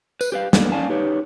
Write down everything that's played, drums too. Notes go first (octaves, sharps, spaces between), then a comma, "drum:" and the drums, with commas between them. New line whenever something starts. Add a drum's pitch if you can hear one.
B4, drum: tambourine
G4 B4 F5
A#3 B3 D4 A4 A#4, drum: snare
C#4 D5 F5 G#5 A5
D#4 G4 B4 C#5